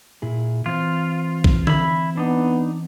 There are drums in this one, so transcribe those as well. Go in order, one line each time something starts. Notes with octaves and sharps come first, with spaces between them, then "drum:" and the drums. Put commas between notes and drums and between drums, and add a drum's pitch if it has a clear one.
A#2 E4 G#4
E3 C4 F4 C5
drum: kick B1
E4 B5, drum: tom D3
B3 D4 D#4